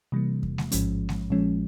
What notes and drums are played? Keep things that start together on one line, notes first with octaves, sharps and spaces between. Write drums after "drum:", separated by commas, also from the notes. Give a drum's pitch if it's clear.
C3 E3 G3 A#3
drum: kick E2
drum: snare G#3
A1 G#2 F3 G#3 C#4, drum: hi-hat
drum: snare G#3
A#1 A#2 F3 G#3 C#4